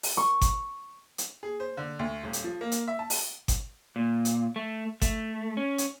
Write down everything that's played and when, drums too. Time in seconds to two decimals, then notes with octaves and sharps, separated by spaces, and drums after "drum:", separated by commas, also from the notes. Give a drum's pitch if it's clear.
0.03 drum: open hi-hat
0.17 C#6
0.42 drum: kick G1, hi-hat
1.18 drum: hi-hat
1.43 G#4
1.60 C5
1.77 D3
1.99 D2
2.23 D#1
2.33 drum: hi-hat
2.44 F3
2.61 A#3
2.72 drum: hi-hat
2.88 E5
2.99 A5
3.10 drum: open hi-hat
3.48 drum: kick G1, hi-hat
3.96 A#2
4.25 drum: hi-hat
4.56 A3
5.02 A3, drum: kick G1, hi-hat
5.57 C#4
5.78 drum: hi-hat